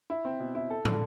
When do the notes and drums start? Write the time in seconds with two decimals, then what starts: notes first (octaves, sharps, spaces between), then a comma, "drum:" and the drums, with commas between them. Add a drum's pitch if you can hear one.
0.10 E4
0.25 C4
0.40 B2
0.55 E4
0.70 A4
0.85 D3, drum: tom